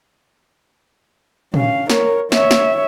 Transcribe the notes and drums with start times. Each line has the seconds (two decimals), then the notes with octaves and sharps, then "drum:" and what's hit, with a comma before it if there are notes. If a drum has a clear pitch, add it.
1.54 C#4 F5, drum: tom
1.90 A#4 C#5, drum: snare
2.32 C#5 E5, drum: snare
2.51 drum: snare